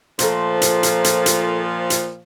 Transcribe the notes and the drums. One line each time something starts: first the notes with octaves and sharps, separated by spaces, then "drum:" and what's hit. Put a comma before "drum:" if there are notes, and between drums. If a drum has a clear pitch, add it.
A#2 F3 A3 A#4 C5, drum: hi-hat
drum: hi-hat
drum: hi-hat
drum: hi-hat
drum: hi-hat
drum: hi-hat